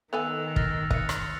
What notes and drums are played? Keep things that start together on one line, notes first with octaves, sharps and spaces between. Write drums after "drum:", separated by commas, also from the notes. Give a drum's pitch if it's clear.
D#3 B3 A4 G#5 E6 F#6 F7
F6 A6 A#6, drum: kick
D#5 F#6 C#7, drum: kick
drum: rim click